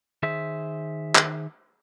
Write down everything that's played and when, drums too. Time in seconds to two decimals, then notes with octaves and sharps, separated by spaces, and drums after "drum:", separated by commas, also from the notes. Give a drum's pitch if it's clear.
0.23 D#3 G#4 C5 E5
1.15 drum: clap